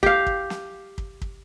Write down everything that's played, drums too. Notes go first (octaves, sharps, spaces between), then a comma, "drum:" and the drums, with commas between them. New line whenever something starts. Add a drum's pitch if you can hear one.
G4 F5, drum: kick
drum: kick
drum: snare
drum: kick
drum: kick